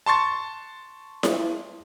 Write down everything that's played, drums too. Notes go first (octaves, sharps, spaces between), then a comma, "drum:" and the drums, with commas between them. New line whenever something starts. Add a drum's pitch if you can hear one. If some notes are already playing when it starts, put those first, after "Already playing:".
A5 C6 C#6 A6
drum: snare E4